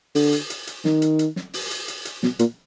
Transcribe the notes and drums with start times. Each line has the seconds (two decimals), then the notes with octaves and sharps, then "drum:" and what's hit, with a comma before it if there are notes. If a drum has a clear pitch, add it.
0.15 D3, drum: open hi-hat
0.33 drum: hi-hat
0.50 drum: hi-hat
0.67 drum: hi-hat
0.85 D#3, drum: snare
1.02 drum: hi-hat
1.19 drum: hi-hat
1.36 drum: snare
1.54 drum: open hi-hat
1.71 drum: hi-hat
1.88 drum: hi-hat
2.05 drum: hi-hat
2.23 B2, drum: snare
2.39 A#2, drum: hi-hat